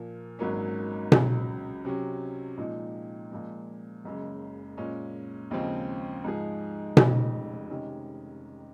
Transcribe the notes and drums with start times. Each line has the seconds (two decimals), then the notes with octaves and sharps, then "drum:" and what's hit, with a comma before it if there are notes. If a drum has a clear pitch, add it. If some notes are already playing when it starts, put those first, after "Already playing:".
Already playing: A#2 F3 A#3
0.39 G#1 G#2 F#3 A#3 C#4
1.12 C#2 C#3 F#3, drum: tom B2
1.85 C3 F#3 C#4
2.57 A#2 F3 G#3 D#4
3.31 A#2 F3 G#3
4.04 F#1 F#2 C#3 G#3
4.77 A#2 G#3 C#4
5.51 D#2 C#3 F3 G#3 C4
6.24 G#2 F3 G#3 D#4 G#4
6.97 F1 F2 C#3 G#3 D#4, drum: tom B2
7.70 C3 D#3 G#3 C#4